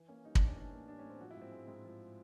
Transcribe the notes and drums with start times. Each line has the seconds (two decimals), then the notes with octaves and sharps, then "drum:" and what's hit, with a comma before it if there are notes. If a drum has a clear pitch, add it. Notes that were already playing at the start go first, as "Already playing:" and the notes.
Already playing: E3
0.08 A#3 C#4
0.24 G3 D#4
0.35 A2 D4, drum: kick
0.47 C#4
0.56 E3 D4
0.73 A#3
0.88 G3 D4
0.99 C#4
1.05 A2
1.10 C4
1.21 F3 F#4
1.31 E4
1.37 G#2 C4
1.52 G#3
1.68 G#2
1.85 F3